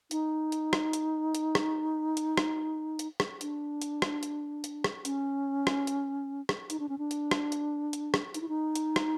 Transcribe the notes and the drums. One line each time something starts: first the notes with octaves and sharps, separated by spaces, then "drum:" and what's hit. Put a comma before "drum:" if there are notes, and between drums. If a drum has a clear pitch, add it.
D#4, drum: hi-hat
drum: hi-hat
drum: rim click
drum: hi-hat
drum: hi-hat
drum: rim click
drum: hi-hat
drum: rim click
drum: hi-hat
drum: rim click
D4, drum: hi-hat
drum: hi-hat
drum: rim click
drum: hi-hat
drum: hi-hat
drum: rim click
C#4, drum: hi-hat
drum: rim click
drum: hi-hat
drum: rim click
D#4, drum: hi-hat
D4
C#4
D4
drum: hi-hat
drum: rim click
drum: hi-hat
drum: hi-hat
drum: rim click
D#4, drum: hi-hat
E4
D#4
drum: hi-hat
drum: rim click